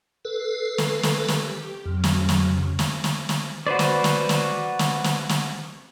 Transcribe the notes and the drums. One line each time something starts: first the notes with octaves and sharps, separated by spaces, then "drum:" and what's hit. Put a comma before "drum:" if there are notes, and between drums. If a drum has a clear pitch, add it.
A4 B4 C7
drum: snare
drum: snare
G4, drum: snare
F2 C#3 F#3
drum: snare
drum: snare
drum: snare
drum: snare
drum: snare
F#4 B4 C5 D5
drum: snare
drum: snare
drum: snare
drum: snare
drum: snare
drum: snare